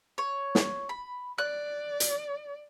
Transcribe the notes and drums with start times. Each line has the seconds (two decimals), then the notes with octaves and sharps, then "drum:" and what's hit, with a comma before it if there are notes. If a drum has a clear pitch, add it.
0.18 C#5
0.55 drum: snare
0.89 B5
1.38 D5 F#6
2.00 drum: hi-hat